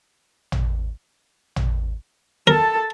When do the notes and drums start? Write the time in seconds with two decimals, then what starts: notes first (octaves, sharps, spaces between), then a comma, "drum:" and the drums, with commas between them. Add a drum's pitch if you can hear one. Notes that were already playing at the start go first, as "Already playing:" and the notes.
0.52 drum: tom
1.56 drum: tom
2.47 A4 A#4 A5